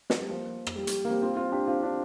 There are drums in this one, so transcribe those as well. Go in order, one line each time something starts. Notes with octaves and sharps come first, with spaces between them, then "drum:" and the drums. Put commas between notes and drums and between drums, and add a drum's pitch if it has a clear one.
F3, drum: snare
G3
F3 A#3
drum: rim click
G3
G3, drum: hi-hat
A#3
G3 C4
C4 F4
C4 F4
D4 G4
C4 F4
D4 G4